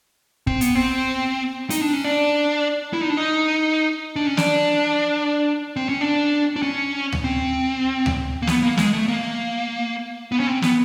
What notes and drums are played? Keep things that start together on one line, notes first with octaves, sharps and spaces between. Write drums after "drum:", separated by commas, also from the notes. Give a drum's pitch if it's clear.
C4, drum: kick
B3, drum: hi-hat
C4
D#4, drum: hi-hat
D4
C#4
D4
E4
D#4
D4
D#4
D4
C#4
D4, drum: snare
C4
C#4
D4
D4
C#4
drum: tom D2
C4
drum: tom D2
A#3
B3, drum: snare
A#3
G#3, drum: snare
A3
A#3
B3
C#4
C4
B3, drum: snare